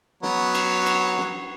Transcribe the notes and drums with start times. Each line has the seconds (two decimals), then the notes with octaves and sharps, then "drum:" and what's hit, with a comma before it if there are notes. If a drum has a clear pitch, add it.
0.23 F#3 B3 C#5, drum: snare
0.55 drum: cymbal
0.86 drum: cymbal
1.18 drum: snare